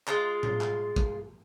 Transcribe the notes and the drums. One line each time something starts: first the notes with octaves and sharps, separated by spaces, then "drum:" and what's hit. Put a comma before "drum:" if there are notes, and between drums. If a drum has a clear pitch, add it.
G#3 F4, drum: clap
drum: tom A2
drum: clap
drum: kick